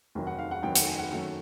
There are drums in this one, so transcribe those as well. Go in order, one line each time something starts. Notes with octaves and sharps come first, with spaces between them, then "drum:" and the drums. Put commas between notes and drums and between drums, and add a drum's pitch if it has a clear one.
F1 D#2 D#3 F#3
F#5
F5
F#5
F1 D#2 D#3 F#3 G5
F#5, drum: hi-hat
G#5
F#5
F#2 D#3 F#3 A3